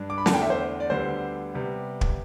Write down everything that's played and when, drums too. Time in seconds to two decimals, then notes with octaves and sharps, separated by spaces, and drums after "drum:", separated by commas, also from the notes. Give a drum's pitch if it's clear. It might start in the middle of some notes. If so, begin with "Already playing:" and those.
Already playing: G2 D4
0.10 D6
0.18 B5
0.26 E2 D3 A3 A5, drum: snare
0.33 G5
0.42 E5
0.50 C5
0.80 D5
0.90 D2 D3 G3 B3 C5
1.54 C3 G3 B3
2.01 drum: kick